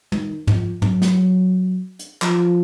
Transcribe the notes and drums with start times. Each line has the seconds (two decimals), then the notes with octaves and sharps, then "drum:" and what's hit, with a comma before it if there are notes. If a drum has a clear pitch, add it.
0.12 D#3, drum: tom
0.47 F3, drum: tom
0.82 F#3, drum: tom
1.02 drum: snare
1.99 drum: hi-hat
2.22 F3, drum: clap